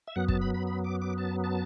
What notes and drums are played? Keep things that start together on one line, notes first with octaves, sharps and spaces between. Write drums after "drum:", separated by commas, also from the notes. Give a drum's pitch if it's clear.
E5
F#2 F#3 B3 F#5
A5, drum: kick
B5
B5
B5
D6
D6
A5
A5